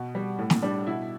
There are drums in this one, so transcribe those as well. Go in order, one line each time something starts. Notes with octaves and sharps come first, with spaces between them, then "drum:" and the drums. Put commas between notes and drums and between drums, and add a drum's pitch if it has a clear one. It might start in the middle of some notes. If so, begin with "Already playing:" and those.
Already playing: B2
G3
A2
drum: snare
G3 D4
B2 E4